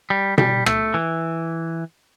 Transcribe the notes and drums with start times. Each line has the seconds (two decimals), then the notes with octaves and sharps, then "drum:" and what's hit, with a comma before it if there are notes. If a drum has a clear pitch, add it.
0.10 G3
0.38 G3, drum: tom B2
0.66 A3, drum: rim click
0.94 E3